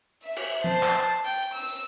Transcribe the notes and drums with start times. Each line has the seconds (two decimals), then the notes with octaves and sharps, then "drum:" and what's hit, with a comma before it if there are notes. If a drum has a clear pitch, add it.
0.24 E5
0.36 drum: cymbal
0.64 C5 A5, drum: tom F3
0.83 drum: clap
1.25 G5
1.54 E6
1.67 drum: tambourine